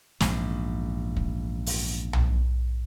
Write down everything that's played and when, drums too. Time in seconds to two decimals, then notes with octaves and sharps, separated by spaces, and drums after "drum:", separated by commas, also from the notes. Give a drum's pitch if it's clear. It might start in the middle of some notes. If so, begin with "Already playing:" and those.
0.20 A#1 E2 G#2, drum: snare
1.16 drum: kick
1.66 drum: open hi-hat
2.13 drum: tom B1